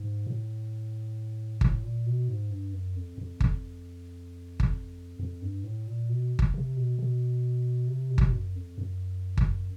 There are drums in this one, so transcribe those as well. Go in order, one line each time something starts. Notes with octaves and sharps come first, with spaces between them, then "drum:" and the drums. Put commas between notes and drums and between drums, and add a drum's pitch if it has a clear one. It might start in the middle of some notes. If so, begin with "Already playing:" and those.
Already playing: G#2
A2
A2, drum: kick G1
A#2
B2
G#2
G2
F#2
F2
F2
F2, drum: kick G1
drum: kick G1
F2
G2
A2
A#2
B2
drum: kick G1
C3
B2
B2
C3
B2
C3, drum: kick G1
B2
F#2
F2
F#2
drum: kick G1